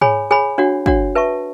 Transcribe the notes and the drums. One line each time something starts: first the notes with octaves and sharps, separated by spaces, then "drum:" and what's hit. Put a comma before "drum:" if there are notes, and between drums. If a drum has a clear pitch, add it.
G#4 C#5 G#5 B5, drum: tom G#2
G#4 C#5 G#5 B5
D4 F#4 C#5 F#5
D4 F#4 C#5 F#5, drum: kick
B4 E5 A5 C#6